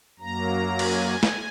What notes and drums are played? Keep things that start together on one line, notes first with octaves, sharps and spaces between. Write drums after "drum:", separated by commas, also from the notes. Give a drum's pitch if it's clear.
F#2 F#3 A#3 A#5
G#5, drum: cymbal
drum: snare